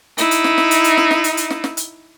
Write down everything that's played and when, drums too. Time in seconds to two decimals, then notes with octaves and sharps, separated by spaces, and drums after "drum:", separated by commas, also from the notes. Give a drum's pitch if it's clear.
0.18 D#4 E4, drum: hi-hat
0.31 drum: hi-hat
0.44 drum: snare
0.58 drum: snare
0.71 drum: hi-hat
0.84 drum: hi-hat
0.97 drum: snare
1.11 drum: snare
1.24 drum: hi-hat
1.37 drum: hi-hat
1.50 drum: snare
1.64 drum: snare
1.77 drum: hi-hat